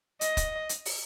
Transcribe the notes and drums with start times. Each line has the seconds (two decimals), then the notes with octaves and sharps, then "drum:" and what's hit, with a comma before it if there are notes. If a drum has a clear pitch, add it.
0.21 D#5, drum: hi-hat
0.37 drum: kick, hi-hat
0.69 drum: hi-hat
0.85 drum: open hi-hat